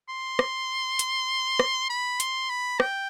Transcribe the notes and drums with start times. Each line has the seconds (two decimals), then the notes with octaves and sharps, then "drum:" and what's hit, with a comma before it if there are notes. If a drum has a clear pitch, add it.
0.09 C6
0.39 drum: rim click
0.99 drum: hi-hat
1.59 drum: rim click
1.90 B5
2.20 C6, drum: hi-hat
2.50 B5
2.80 G5, drum: rim click